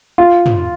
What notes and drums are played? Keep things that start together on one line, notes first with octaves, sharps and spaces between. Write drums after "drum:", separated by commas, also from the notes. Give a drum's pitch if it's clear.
F4
drum: tom